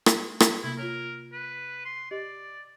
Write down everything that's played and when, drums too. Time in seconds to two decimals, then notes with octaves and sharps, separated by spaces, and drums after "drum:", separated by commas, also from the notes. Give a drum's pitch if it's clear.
0.06 drum: rim click
0.40 drum: rim click
0.64 C3 A#3 E4
0.78 F4 A#4 C#5
1.33 B4
1.85 C6
2.11 G4 D5 D#5